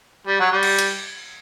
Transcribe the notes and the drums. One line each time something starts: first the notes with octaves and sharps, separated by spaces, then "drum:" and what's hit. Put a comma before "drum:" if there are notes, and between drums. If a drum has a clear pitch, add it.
G3
F#3
G3
drum: cymbal
drum: hi-hat